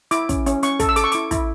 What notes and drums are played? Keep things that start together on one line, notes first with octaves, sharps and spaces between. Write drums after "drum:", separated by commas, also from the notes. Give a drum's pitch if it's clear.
E4 D6, drum: hi-hat
C#4, drum: kick, hi-hat
C#4, drum: hi-hat
C#4 C#6, drum: hi-hat
A4, drum: kick, hi-hat
E6
A4 D6, drum: hi-hat
C#6
E4 D6, drum: hi-hat
E4, drum: kick, hi-hat